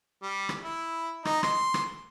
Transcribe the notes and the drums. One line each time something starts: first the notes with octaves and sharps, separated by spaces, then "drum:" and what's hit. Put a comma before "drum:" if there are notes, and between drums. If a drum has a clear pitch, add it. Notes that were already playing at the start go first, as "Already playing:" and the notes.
G3
drum: rim click
E4
D#4, drum: rim click
C6, drum: rim click
drum: rim click